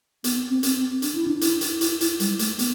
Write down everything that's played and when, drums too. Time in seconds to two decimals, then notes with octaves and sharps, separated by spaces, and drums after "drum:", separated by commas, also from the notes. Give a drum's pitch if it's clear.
0.24 B3, drum: hi-hat
0.50 C4
0.63 drum: hi-hat
0.76 C4
1.02 D4, drum: hi-hat
1.15 E4
1.28 D4
1.41 E4, drum: hi-hat
1.61 drum: hi-hat
1.81 E4, drum: hi-hat
2.01 E4, drum: hi-hat
2.20 G3, drum: hi-hat
2.39 A3, drum: hi-hat
2.59 B3, drum: hi-hat